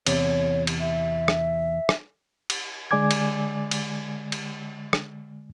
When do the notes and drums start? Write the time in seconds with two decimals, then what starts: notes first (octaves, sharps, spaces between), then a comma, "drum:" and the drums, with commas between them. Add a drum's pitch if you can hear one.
0.07 E2 C3 C#5, drum: cymbal
0.67 drum: cymbal
0.80 E5
1.28 drum: rim click
1.89 drum: rim click
2.50 drum: cymbal
2.91 D3 G#3 D5 G#5 D6 G#6
3.11 drum: cymbal
3.71 drum: cymbal
4.32 drum: cymbal
4.93 drum: rim click